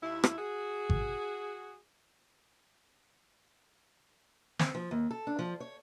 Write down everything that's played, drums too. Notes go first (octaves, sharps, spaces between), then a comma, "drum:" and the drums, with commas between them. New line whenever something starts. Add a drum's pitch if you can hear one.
D#2 E4
drum: rim click
F#4 G#4
drum: kick G#1
C4, drum: snare
F3
D#2
A4
D4
F3
C#5